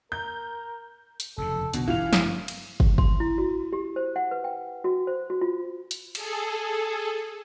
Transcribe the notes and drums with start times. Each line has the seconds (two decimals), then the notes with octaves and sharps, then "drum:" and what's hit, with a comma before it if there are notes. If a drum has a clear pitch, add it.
0.12 A#4 G6
1.20 drum: hi-hat
1.37 F1 E2 C#3 A4
1.74 C2 B2 D#3 D4, drum: hi-hat
1.88 G1 E3 F5 F7
2.13 drum: snare
2.48 drum: cymbal
2.80 drum: kick
2.98 C6, drum: kick
3.20 E4
3.38 F#4
3.73 G4
3.96 C5
4.16 F#5
4.31 B4
4.44 G5
4.84 F#4
5.07 C5
5.30 F#4
5.41 F4
5.91 drum: hi-hat
6.15 G#4 A4, drum: cymbal